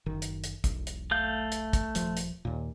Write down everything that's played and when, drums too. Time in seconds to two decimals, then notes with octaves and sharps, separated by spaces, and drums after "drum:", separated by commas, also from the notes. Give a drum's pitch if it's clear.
0.06 F#1 D#3
0.22 drum: hi-hat
0.44 drum: hi-hat
0.64 E1 B1, drum: kick, hi-hat
0.87 drum: hi-hat
1.11 A3 F5 G6
1.52 drum: hi-hat
1.73 drum: kick, hi-hat
1.95 D#1 F3, drum: hi-hat
2.17 drum: hi-hat
2.45 D#2 A#2